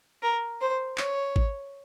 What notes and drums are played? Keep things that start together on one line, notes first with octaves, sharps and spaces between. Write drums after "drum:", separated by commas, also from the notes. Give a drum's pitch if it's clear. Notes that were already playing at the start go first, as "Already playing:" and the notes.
A#4
C5
C#5, drum: clap
drum: kick G#1